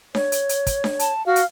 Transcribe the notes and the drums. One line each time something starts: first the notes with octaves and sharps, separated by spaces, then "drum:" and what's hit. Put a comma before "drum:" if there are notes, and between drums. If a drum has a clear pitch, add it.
C#5, drum: snare D4
drum: hi-hat
drum: hi-hat
drum: kick, hi-hat
drum: snare D4
A5, drum: hi-hat
F#4 F5
drum: hi-hat